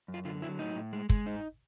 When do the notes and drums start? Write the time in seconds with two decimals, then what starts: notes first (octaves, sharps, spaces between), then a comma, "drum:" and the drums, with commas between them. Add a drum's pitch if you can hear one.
0.08 F#2
0.14 F4
0.25 D3 F4
0.42 F#3 E4
0.59 A2 D#4
0.75 A2
0.93 G#3
1.09 G#3, drum: kick
1.26 G#2 D#4